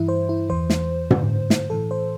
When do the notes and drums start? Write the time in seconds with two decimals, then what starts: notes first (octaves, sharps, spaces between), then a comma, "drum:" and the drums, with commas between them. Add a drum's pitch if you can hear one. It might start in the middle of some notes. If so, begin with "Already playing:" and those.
Already playing: G2 E3 E4
0.08 C5
0.29 E4
0.49 E2 E3 C5
0.70 drum: snare
1.11 G2 D3, drum: tom
1.50 drum: snare
1.70 A2 E3 A4
1.91 C5